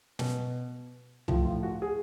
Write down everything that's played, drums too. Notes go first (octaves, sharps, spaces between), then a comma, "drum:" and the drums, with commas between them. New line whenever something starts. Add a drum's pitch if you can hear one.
B2, drum: snare
A2 F3 F4, drum: tom
F4
F#4
G#4